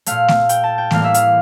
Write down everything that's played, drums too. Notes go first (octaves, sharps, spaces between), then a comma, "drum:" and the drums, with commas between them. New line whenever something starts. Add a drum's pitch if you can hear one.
A#2 A3 F5, drum: hi-hat
drum: snare A3
G5, drum: hi-hat
A5
G5
A2 E3 G3 A#3 F5, drum: snare A3
E5
F5, drum: hi-hat